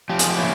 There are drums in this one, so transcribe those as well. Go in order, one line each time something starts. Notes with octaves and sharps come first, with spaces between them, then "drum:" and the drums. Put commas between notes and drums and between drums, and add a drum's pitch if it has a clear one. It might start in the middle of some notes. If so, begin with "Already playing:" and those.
F3 G4
G#4, drum: hi-hat
G4
A#3 C#4 E4